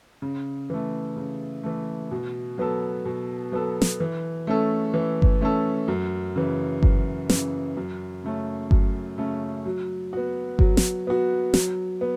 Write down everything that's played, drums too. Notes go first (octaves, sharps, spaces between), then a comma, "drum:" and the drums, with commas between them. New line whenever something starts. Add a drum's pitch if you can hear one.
C#3
E3 A3
C#3
E3 A3
B2
F#3 B3 A4
B2
F#3 B3 A4
drum: snare
E3
A3 C#4 A4
E3
drum: kick G1
A3 C#4 A4
F#2
C#3 E3
F#2, drum: kick G1
C#3 E3, drum: snare
F#2
C#3 A3 C#4
F#2, drum: kick G1
C#3 A3 C#4
F#3
B3 F#4
F#3, drum: kick G1
drum: snare
B3 F#4
F#3, drum: snare
B3